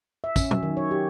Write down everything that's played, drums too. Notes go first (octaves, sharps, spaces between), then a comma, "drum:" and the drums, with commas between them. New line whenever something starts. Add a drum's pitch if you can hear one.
E5
C#4, drum: kick, tambourine
F#3, drum: tom
D#3
C#5
G4